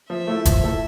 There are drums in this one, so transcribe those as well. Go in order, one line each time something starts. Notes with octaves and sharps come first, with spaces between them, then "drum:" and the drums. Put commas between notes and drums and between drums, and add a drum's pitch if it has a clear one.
F3 E5
A3 E4 A4
F3, drum: kick E1, hi-hat
A3 E4 A4